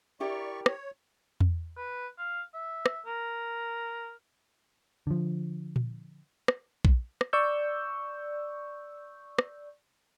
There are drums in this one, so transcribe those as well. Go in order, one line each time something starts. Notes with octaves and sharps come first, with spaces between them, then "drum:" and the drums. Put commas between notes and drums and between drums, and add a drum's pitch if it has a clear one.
E4 G4 A#4 D5 C#6
C#5, drum: rim click
drum: tom E2
B4
F5
E5
drum: rim click
A#4
D3 F3
drum: tom A#2
drum: rim click
drum: kick A#1
drum: rim click
D5 C#6 E6 G6
drum: rim click